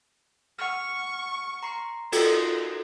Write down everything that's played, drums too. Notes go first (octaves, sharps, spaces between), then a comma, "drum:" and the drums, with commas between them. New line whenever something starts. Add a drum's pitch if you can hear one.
F#5 C#6 F6
A#5 C6 C7
D#4 F4 F#4 A4 A#4 C6 E7, drum: cymbal